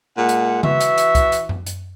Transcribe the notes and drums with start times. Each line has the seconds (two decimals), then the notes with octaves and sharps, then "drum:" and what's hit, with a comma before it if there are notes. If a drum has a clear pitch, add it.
0.17 A#2 G#3 F#5
0.29 drum: hi-hat
0.63 E3 F#4 E5, drum: tom C#3
0.80 drum: hi-hat
0.98 drum: hi-hat
1.15 drum: kick, hi-hat
1.32 drum: hi-hat
1.49 drum: tom F#2
1.66 drum: hi-hat